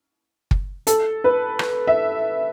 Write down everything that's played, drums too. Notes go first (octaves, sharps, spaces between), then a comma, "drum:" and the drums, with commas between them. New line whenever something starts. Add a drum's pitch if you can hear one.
drum: kick
A4, drum: hi-hat
B4
drum: rim click
E5